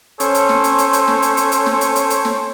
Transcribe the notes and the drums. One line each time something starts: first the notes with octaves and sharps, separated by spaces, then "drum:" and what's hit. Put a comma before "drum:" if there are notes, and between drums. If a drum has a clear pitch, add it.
C#4 A4 C5 C#5, drum: hi-hat
drum: hi-hat
drum: snare
drum: hi-hat
drum: hi-hat
drum: hi-hat
drum: snare
drum: hi-hat
drum: hi-hat
drum: hi-hat
drum: snare
drum: hi-hat
drum: hi-hat
drum: hi-hat
drum: snare